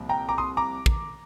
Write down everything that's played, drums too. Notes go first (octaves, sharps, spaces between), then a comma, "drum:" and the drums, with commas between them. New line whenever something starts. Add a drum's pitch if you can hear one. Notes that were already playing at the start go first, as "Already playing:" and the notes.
Already playing: C2 A#2 F3 C4
G5 A#5
A#5 D6
C6 D#6
A#5 D6
drum: kick